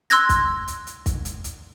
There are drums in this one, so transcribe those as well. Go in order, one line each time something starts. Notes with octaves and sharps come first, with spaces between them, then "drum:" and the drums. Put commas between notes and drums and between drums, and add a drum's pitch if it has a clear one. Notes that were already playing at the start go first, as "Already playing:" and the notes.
C6 E6 F#6 G#6 A#6, drum: hi-hat
drum: kick, hi-hat
drum: hi-hat
drum: hi-hat
drum: kick, hi-hat
drum: hi-hat
drum: hi-hat